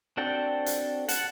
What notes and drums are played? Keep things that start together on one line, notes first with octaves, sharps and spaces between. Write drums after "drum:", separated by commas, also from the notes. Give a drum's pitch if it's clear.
C4 D4 F#4 A4 G5
drum: hi-hat
F#5 A5, drum: hi-hat